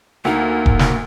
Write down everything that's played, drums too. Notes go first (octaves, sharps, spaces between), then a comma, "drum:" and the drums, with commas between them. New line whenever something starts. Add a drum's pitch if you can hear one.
D2 A#3 D#4
drum: kick E1
drum: snare